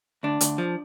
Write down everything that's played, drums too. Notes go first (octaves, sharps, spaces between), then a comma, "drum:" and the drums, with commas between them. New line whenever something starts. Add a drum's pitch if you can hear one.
D2 D4
D2, drum: hi-hat
F3